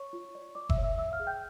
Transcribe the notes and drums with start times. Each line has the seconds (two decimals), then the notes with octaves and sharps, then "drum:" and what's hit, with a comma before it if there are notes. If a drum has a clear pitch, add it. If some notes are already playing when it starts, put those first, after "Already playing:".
Already playing: C#5 C#6
0.13 F4
0.35 D5
0.55 F4 D5 D6
0.69 E5 E6, drum: kick F#1
0.77 C#5
0.83 E5 E6
0.98 C#5 E5 E6
1.12 F5 F6
1.20 G#4
1.27 G5 G6